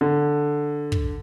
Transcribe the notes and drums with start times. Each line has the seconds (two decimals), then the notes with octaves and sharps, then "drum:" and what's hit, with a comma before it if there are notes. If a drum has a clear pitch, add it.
0.01 D3
0.92 drum: kick